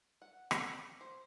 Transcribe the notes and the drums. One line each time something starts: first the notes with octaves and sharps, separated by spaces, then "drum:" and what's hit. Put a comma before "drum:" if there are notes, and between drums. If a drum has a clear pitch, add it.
F#5
drum: rim click
C5